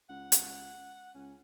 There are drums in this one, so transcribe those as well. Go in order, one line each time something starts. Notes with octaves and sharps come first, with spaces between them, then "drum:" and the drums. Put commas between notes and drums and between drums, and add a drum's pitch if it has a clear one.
C#2 F#5
drum: hi-hat
C#2 C#4